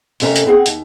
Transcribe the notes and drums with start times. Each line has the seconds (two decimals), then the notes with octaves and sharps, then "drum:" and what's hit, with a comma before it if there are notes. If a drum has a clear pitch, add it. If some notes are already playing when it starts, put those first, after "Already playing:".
0.20 F2 C3 A3 C#4 A#4 A#5, drum: open hi-hat
0.36 drum: hi-hat
0.46 B3 C4 G#4 F#5
0.66 D#2, drum: hi-hat